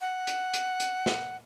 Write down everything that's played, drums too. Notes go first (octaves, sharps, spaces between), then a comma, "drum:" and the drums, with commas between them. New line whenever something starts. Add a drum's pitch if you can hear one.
F#5
drum: hi-hat
drum: hi-hat
drum: hi-hat
drum: snare